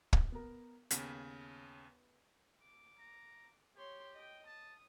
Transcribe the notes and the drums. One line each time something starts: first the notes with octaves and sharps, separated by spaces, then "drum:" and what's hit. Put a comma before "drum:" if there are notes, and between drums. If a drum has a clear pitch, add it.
drum: kick
B3 A#4
D#2 C#3 B3 B6, drum: hi-hat
D6
A#5
G4 C#5 C6
D#5 G5
A5 D#6